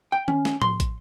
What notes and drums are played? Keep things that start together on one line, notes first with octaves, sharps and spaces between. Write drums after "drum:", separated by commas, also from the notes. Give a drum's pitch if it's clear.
G5
C#4, drum: tom D#3
drum: snare
C6, drum: tom A2
drum: kick, hi-hat